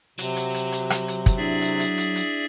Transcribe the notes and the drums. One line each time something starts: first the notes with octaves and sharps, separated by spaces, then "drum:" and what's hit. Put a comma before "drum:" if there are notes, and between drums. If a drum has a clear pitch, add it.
C3 F#3, drum: hi-hat
drum: hi-hat
drum: hi-hat
drum: hi-hat
drum: rim click
drum: hi-hat
drum: kick, hi-hat
D4 E4 G#4 D5 E5
drum: hi-hat
drum: hi-hat
drum: hi-hat
drum: hi-hat